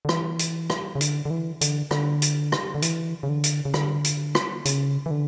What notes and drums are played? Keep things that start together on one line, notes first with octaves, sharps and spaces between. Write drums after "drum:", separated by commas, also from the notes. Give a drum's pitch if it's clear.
D3
E3, drum: rim click
drum: hi-hat
drum: rim click
C#3
D3, drum: hi-hat
D3
E3
D3, drum: hi-hat
D3, drum: rim click
drum: hi-hat
drum: rim click
D3
E3, drum: hi-hat
C#3
D3
drum: hi-hat
C#3
D3, drum: rim click
drum: hi-hat
drum: rim click
C#3, drum: hi-hat
E3
D3